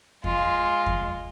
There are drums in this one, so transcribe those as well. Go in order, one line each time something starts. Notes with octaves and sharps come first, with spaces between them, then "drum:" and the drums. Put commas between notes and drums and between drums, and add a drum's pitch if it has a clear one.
G#3 F4, drum: kick E2
drum: kick E2